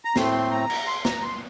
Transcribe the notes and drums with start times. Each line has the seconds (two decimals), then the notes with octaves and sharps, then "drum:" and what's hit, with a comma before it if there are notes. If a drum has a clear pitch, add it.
0.05 A#5
0.16 A2 A3 C4 C6, drum: snare
0.51 A#5
0.70 drum: cymbal
0.87 C6
1.05 A#5, drum: snare
1.22 C6